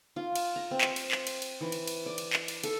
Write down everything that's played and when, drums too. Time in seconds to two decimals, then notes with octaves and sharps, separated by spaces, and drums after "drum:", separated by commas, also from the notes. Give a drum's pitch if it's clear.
0.16 F4
0.36 drum: cymbal
0.56 A#5
0.71 C4
0.81 drum: clap
0.96 drum: cymbal
1.11 drum: clap
1.27 drum: cymbal
1.42 drum: cymbal
1.61 E3
1.72 drum: cymbal
1.87 drum: cymbal
2.06 D5
2.18 drum: cymbal
2.33 drum: clap
2.48 drum: cymbal
2.63 A4, drum: cymbal